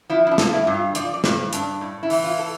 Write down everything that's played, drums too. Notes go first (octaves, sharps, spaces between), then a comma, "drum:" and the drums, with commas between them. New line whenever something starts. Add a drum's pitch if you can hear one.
F3 E4
E4
D4
G2, drum: snare
E4
G2
F4
F3 D5, drum: hi-hat
D5
G2 C5, drum: snare
G2 D4, drum: hi-hat
A2
E4
E3, drum: open hi-hat
F4
A2 A4